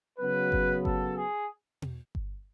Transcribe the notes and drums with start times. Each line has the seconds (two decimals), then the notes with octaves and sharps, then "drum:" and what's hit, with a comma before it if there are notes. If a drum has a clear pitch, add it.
0.19 C#3 F#3 B3 B4
0.52 drum: kick G1
0.85 A4, drum: kick G1
1.17 G#4
1.82 drum: tom B2
2.15 drum: kick G1